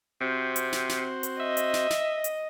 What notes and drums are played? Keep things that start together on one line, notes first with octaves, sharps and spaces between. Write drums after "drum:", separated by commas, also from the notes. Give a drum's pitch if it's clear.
C3 C4 F#4 C5
drum: hi-hat
drum: snare
drum: snare
drum: hi-hat
D#5 E5
drum: hi-hat
drum: snare
drum: snare
drum: hi-hat